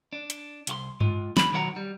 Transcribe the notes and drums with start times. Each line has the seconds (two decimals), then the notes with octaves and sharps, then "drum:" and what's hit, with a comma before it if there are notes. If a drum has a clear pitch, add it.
0.13 D4
0.30 drum: hi-hat
0.67 C2 F#4 C6, drum: hi-hat
1.00 G#3 F4, drum: tom G2
1.37 B5, drum: snare
1.52 B1 D#3 F#3 C5 F#5 A#5
1.76 G3